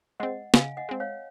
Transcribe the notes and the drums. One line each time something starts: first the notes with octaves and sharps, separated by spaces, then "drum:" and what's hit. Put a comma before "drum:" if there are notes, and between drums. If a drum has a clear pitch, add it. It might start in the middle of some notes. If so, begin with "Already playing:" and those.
G#3 C4 D#5 F#5
C#3 F5 G#5, drum: snare
D#5 F#5
G#3 C4
C#5 F5